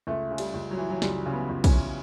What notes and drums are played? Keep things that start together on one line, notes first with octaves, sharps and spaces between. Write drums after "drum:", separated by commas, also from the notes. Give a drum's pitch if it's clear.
C#2 A3
C#3
G3, drum: cymbal
C#2
F#3
E3
F#3
C#2 G3, drum: snare
C#3
B3
C#2
C#4, drum: kick, cymbal
E3